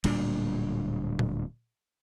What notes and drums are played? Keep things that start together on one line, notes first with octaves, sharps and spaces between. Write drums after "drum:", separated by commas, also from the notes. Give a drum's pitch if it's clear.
D1 A#2 G3 D4, drum: cymbal
drum: tom A#2